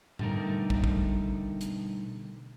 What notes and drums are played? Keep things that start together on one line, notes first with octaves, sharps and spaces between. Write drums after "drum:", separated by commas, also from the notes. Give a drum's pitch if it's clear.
B2 D3 G3 A3 D#4 A#4, drum: tom G#2
drum: kick
drum: kick
drum: hi-hat